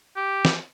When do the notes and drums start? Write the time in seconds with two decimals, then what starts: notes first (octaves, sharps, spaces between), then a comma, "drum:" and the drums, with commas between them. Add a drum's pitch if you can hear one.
0.17 G4
0.45 drum: snare